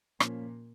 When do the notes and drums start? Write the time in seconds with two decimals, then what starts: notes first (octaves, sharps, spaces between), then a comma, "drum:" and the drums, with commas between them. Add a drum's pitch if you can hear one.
0.20 A#2 F3 A#3 C#4, drum: rim click